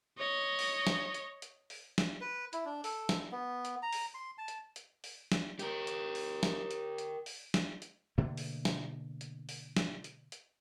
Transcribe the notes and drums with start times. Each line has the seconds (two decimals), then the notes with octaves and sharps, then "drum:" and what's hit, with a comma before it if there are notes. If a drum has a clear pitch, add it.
0.18 C#5 D#5
0.59 drum: open hi-hat
0.87 drum: snare
1.14 drum: hi-hat
1.42 drum: hi-hat
1.70 drum: open hi-hat
1.98 drum: snare
2.21 B4
2.53 E4, drum: hi-hat
2.65 D4
2.84 A4, drum: open hi-hat
3.09 drum: snare
3.32 B3
3.65 drum: hi-hat
3.82 A#5
3.93 drum: open hi-hat
4.14 C6
4.38 A5
4.48 drum: hi-hat
4.76 drum: hi-hat
5.04 drum: open hi-hat
5.32 drum: snare
5.59 G4 A#4, drum: hi-hat
5.87 drum: hi-hat
6.15 drum: open hi-hat
6.43 drum: snare
6.71 drum: hi-hat
6.98 drum: hi-hat
7.26 drum: open hi-hat
7.54 drum: snare
7.82 drum: hi-hat
8.18 B2 D3 A3 A#3
8.37 drum: open hi-hat
8.65 drum: snare
9.21 drum: hi-hat
9.49 drum: open hi-hat
9.77 drum: snare
10.04 drum: hi-hat
10.32 drum: hi-hat